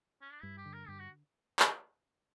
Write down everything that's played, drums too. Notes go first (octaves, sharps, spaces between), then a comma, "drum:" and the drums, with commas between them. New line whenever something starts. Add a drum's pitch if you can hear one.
C#4
D4
G2 E4
G4
D3
A#4
G2 G4
F#4
drum: clap